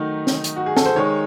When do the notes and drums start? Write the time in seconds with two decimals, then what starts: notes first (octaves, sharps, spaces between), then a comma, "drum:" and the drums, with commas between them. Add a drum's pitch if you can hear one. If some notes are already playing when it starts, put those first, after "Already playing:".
Already playing: D#3 F#3 A3 D#4
0.27 drum: snare
0.44 drum: hi-hat
0.56 F#4
0.66 G#4
0.77 A4, drum: snare
0.86 C5
0.96 D#3 G#3 D#4 C#5